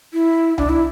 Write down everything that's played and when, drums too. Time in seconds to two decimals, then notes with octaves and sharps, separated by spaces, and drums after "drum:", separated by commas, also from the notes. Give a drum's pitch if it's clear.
0.13 E4
0.58 D4, drum: tom C2
0.69 E4